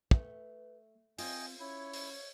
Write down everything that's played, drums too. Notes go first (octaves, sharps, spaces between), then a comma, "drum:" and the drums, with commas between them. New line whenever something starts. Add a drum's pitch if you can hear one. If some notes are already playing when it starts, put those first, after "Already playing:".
A3 B4, drum: kick
C4 F4 D#5 G5 G#5, drum: open hi-hat
C#4 E4 C#5
drum: open hi-hat